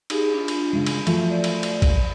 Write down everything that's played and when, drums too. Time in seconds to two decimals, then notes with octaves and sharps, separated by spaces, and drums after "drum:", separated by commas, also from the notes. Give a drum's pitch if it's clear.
0.10 D#4 G4 G#4, drum: cymbal
0.33 D4 F4
0.48 drum: cymbal
0.73 C#3 G#3
0.86 drum: cymbal
1.07 F3 F#3 A3, drum: cymbal
1.30 D5
1.44 drum: cymbal
1.63 drum: cymbal
1.82 drum: kick A#1, cymbal